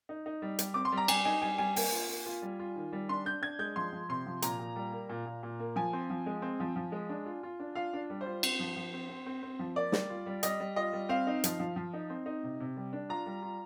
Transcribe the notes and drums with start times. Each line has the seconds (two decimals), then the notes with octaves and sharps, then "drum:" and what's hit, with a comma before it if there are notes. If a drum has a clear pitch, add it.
0.09 D#4
0.26 D#4
0.42 G3
0.59 G3, drum: hi-hat
0.74 C4 D6
0.85 C6
0.92 G3
0.97 A#5
1.08 G3 G#5, drum: cymbal
1.25 D#4 G#5
1.42 G3 G#5
1.58 G3 G#5
1.76 A#3 G#5, drum: open hi-hat
1.92 F4
2.09 A#3
2.26 F4
2.42 G3
2.59 F4
2.76 D#3
2.93 G3
3.09 D4 C6
3.25 D4 G6
3.42 D4 G#6
3.59 G#3 G6
3.76 F3 C6
3.92 F3
4.09 C3 C6
4.26 F3
4.42 A#2 A#5, drum: hi-hat
4.59 A#2
4.76 G3
4.92 A#3
5.09 A#2
5.26 A#2
5.43 A#2
5.60 A#3
5.76 F3 G#5
5.93 C4
6.10 F3
6.26 G#3
6.42 C4
6.60 F3
6.76 F3
6.92 G#3
7.09 D4
7.26 F4
7.43 F4
7.60 D4
7.75 F4 F5
7.93 D4
8.10 G3
8.21 C5
8.26 F4
8.43 C4, drum: cymbal
8.59 F3
8.76 F3
8.93 C4
9.09 C4
9.26 C4
9.43 C4
9.59 F3
9.76 A#3 D5
9.92 G3, drum: snare
10.10 F4
10.26 G3
10.43 G3 D#5, drum: hi-hat
10.60 G3
10.76 F4 D#5
10.93 G3
11.09 C4 F5
11.27 D#4
11.44 F3, drum: hi-hat
11.60 F3
11.76 F3
11.93 D#4
12.10 C4
12.26 D#4
12.43 C3
12.60 C3
12.77 G3
12.93 D4
13.09 F4 A#5
13.26 G3
13.43 F4